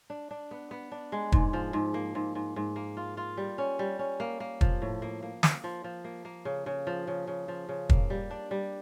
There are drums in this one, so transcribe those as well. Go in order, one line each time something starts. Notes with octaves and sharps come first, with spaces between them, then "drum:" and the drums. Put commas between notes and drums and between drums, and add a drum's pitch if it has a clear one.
D4
D4
B3
B3
D4
G#3
G#2, drum: kick
F3
G#2
A#3
G#2
G#2
G#2
A#3
F4
F4
G3
C#4
G3
C#4
A#3
A#3
F3, drum: kick
A2
A#3
A#3
A#3, drum: snare
F3
F3
A#3
A#3
C#3
C#3
F3
C#3
C#3
F3
C#3
A#3, drum: kick
G3
D4
G3